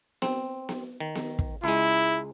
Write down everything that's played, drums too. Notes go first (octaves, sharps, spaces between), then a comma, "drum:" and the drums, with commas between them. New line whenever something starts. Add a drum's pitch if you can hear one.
C4, drum: snare B3
drum: snare B3
D#3
drum: snare B3
drum: kick
C#2 G#3 E4